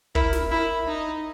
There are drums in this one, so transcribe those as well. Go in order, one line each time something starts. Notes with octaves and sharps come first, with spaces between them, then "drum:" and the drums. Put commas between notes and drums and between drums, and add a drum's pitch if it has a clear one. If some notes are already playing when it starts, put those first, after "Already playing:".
E4 A#4, drum: kick
drum: snare
E4
D#4